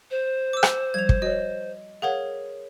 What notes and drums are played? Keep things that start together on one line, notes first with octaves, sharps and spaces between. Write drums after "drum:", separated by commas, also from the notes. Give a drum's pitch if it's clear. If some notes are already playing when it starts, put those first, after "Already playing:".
C5
D6 E6
drum: rim click
F3 G3 G#6 F7
drum: kick
F#4 C#5 D#5
G#4 A#4 C#5 F5 F#5